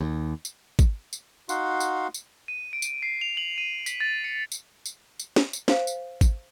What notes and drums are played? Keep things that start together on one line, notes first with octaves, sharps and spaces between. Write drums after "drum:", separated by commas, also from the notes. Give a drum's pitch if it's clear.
D#2
drum: tambourine
drum: kick G#1, tambourine
drum: tambourine
D#4 F#4 F5 F#5 C6, drum: tambourine
drum: tambourine
drum: tambourine
D#7
D7
drum: tambourine
C7
F7
F#7
D#7
B6, drum: tambourine
A6
C#7
drum: tambourine
drum: tambourine
drum: tambourine
drum: snare
drum: tambourine
C5 F5, drum: snare
drum: tambourine
drum: kick G#1, tambourine